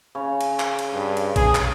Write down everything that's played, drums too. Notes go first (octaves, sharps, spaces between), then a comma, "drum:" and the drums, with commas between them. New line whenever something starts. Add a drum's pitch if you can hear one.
C#3 C#5
drum: cymbal
drum: clap
drum: cymbal
G2
drum: cymbal
G#4 A5, drum: kick A#1, cymbal
drum: clap